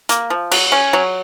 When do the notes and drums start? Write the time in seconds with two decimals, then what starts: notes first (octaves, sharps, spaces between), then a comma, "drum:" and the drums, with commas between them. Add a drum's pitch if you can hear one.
0.09 A#3, drum: hi-hat
0.30 F3
0.51 F#3, drum: cymbal
0.72 C#4
0.93 F#3